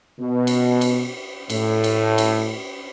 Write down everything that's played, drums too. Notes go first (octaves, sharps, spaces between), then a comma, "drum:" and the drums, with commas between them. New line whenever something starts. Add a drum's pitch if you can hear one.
B2
drum: cymbal
drum: cymbal
A2, drum: cymbal
drum: cymbal
drum: cymbal